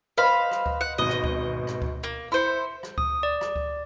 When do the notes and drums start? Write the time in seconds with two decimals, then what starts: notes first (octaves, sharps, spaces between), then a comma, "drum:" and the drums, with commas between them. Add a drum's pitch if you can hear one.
0.18 B4 C5 D#5 F5 B5
0.51 drum: rim click
0.66 drum: kick D2
0.81 F#5
0.98 G#1 B2 D#5 D#7
1.09 drum: rim click
1.24 drum: kick D2
1.67 drum: rim click
1.82 drum: kick D2
2.03 A#3
2.32 E4 C5 C6 C#7
2.83 drum: rim click
2.98 D#6, drum: kick D2
3.23 D5
3.41 drum: rim click
3.56 drum: kick D2